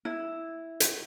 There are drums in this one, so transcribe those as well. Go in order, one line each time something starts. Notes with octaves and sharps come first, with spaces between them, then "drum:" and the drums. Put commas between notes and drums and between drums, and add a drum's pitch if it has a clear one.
E4
drum: hi-hat